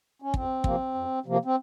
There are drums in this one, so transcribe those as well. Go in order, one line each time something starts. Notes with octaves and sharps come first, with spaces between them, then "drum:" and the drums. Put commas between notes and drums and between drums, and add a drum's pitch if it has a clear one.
C#4
F2 C4, drum: kick
C3 F3 A#3, drum: kick
F2
C3 F3 A#3
C4